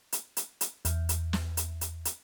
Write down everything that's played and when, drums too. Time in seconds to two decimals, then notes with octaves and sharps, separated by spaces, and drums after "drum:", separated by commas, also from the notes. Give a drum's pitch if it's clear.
0.12 drum: hi-hat
0.37 drum: hi-hat
0.61 drum: hi-hat
0.85 E2, drum: hi-hat
1.09 drum: hi-hat
1.33 drum: snare
1.57 drum: hi-hat
1.81 drum: hi-hat
2.05 drum: hi-hat